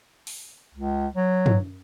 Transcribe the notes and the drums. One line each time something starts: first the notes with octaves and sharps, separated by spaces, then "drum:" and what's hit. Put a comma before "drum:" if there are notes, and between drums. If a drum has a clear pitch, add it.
drum: open hi-hat
C#2
F#3
drum: tom